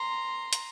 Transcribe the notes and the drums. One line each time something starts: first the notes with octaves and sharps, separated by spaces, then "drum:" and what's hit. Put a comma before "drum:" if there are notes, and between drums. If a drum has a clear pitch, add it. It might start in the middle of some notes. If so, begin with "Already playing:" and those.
Already playing: A#5 C6
drum: hi-hat